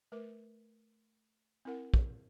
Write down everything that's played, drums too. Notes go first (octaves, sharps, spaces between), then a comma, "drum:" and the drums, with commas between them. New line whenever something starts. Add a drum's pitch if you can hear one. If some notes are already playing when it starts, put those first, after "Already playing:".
A3 A#4 B4 D6
C4 E4 A#4 F#5
drum: kick